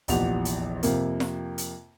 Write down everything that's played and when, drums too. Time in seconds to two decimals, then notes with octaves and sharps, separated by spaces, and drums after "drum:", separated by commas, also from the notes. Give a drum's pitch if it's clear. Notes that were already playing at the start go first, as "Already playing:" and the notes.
0.08 F1 A#1 E2 G4 F#5 F7, drum: hi-hat
0.45 drum: hi-hat
0.83 F2 C3 A#3, drum: hi-hat
1.20 drum: snare
1.58 drum: hi-hat